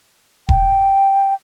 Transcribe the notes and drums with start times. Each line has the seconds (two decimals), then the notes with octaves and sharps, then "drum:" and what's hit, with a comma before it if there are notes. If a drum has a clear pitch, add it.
0.49 G5, drum: kick E1